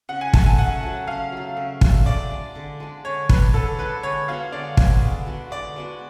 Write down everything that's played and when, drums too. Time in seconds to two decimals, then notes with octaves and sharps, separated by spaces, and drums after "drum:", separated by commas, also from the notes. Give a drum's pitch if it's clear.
0.09 C#3 F#5
0.21 G#5
0.34 F#3 A3 A5, drum: kick
0.46 G#5
0.58 C#3 F#5
0.83 F#3 A3
1.07 C#3 F5
1.32 F#3 A3
1.57 C#3
1.81 F#3 A3, drum: kick
2.06 D3 D5
2.31 G#3 D4
2.55 D3
2.80 G#3 D4
3.05 D3 C#5
3.29 G#3 D4 B4, drum: kick
3.54 D3 A4
3.78 G#3 D4 B4
4.03 D3 C#5
4.28 G#3 B3 F#4 F5
4.52 D3 D5
4.77 G#3 B3 F#4, drum: kick
5.02 D3
5.26 G#3 B3 F#4
5.51 D3 D5
5.76 G#3 B3 F#4